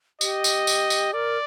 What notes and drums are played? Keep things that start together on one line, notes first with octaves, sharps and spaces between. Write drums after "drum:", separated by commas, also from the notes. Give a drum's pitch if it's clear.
G4 D#5, drum: tambourine
drum: tambourine
drum: tambourine
drum: tambourine
A#4 D5